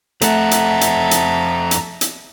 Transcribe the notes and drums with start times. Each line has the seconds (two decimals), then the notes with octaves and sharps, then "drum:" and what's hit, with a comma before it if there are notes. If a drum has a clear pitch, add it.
0.21 F2 A3 A4 E5 F#5 A#5, drum: hi-hat
0.51 drum: hi-hat
0.81 drum: hi-hat
1.11 drum: hi-hat
1.71 drum: hi-hat
2.01 drum: hi-hat